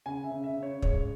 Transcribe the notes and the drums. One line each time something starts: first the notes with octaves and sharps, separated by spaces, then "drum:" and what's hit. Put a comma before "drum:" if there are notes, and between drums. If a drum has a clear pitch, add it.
C#3 G#5
E5
C#3
E5
C#3
C#5
G#3 C#5, drum: kick